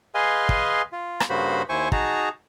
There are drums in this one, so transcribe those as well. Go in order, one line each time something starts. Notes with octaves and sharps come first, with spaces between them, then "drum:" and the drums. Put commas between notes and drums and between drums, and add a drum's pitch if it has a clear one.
G#4 B4 D#5 F5 G#5 C6
drum: kick
F4
drum: rim click
G2 C#3 A#3 F#4 C5 B5
D#2 E4 C5 G#5 C#6
D#4 F#4 G#4 A5 A#5, drum: kick